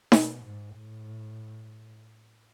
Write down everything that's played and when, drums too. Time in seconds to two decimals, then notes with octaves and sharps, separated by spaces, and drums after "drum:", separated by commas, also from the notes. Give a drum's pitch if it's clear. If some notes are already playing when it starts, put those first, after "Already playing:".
0.12 B2, drum: snare D#4
0.45 G#2
0.77 A2